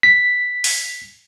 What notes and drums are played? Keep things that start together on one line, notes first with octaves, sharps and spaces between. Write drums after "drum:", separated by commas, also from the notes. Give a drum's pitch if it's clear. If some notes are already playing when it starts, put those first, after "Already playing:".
B6
drum: open hi-hat